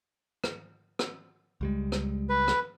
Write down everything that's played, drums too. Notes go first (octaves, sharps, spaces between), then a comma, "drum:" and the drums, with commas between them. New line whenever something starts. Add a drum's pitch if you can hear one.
drum: rim click
drum: rim click
C#2 G3 G#3
drum: rim click
B4
drum: rim click